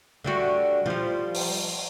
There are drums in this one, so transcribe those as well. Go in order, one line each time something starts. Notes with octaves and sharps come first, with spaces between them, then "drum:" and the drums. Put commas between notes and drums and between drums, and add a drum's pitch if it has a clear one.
D3 G3 F#4
F3 G3
drum: open hi-hat